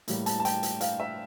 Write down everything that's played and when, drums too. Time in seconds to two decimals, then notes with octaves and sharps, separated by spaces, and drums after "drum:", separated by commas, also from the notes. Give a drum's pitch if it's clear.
0.08 A2 G3 A#3, drum: hi-hat
0.26 A5, drum: hi-hat
0.40 A5
0.45 G5, drum: hi-hat
0.63 drum: hi-hat
0.81 F5, drum: hi-hat
1.00 E5